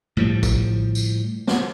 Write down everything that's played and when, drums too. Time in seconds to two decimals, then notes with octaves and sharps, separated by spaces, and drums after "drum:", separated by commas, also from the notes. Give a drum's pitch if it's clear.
0.17 A2 F3 G3
0.43 drum: kick A#1, tambourine
0.95 drum: tambourine
1.47 drum: snare